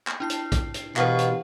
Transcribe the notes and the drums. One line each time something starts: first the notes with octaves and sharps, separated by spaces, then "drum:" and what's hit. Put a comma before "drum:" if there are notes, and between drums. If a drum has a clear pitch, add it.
drum: clap
D4 E4 C7
drum: hi-hat
drum: kick A#1, hi-hat
drum: hi-hat
B2 E3 G4 A#4 C5 F5 F#5 C#6, drum: clap
drum: hi-hat